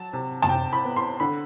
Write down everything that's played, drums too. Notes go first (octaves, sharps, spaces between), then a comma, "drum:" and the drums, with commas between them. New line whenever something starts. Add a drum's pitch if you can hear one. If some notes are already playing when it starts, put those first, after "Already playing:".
Already playing: F#3 A5
C3
A5, drum: tom
C3 G5
B5
B3
C6
D3 B5